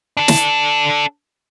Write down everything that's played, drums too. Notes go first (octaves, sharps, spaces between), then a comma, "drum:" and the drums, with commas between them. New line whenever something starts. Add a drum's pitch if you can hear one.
D4 A4
drum: snare